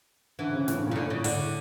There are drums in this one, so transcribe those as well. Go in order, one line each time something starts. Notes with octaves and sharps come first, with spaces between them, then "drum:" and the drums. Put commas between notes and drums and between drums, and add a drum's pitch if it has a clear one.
D3 E3
C#3
A2, drum: snare
G2
A#2
C#3
A2 D3
C#3
A2 D3, drum: open hi-hat